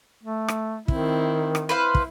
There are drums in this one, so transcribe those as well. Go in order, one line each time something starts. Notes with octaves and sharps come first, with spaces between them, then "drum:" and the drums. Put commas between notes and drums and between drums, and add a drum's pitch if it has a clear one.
A3
drum: rim click
D#3 C4 E4, drum: kick
drum: rim click
E4 B4 C5 F5
drum: kick